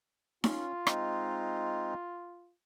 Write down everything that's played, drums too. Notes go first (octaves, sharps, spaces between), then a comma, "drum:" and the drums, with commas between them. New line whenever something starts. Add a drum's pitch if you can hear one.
C#4 F4, drum: snare D#4
G#3 C4 D#4, drum: rim click